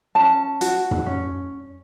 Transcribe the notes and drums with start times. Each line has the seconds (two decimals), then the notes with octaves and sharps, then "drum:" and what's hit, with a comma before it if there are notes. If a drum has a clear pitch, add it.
0.15 C#4 A5
0.61 F#4, drum: hi-hat
0.91 drum: tom
1.06 C#4